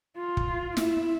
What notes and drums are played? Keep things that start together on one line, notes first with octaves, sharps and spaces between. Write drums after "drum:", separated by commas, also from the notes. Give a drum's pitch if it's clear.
F4
drum: kick
E4, drum: snare